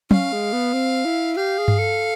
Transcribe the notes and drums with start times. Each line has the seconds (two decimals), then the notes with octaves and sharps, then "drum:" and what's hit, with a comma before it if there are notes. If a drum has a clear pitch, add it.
0.11 C#4 F5, drum: tom
0.33 G#3
0.53 B3
0.73 C4
1.05 E4
1.36 G4 F5
1.58 G#4
1.68 drum: tom G2
1.78 A4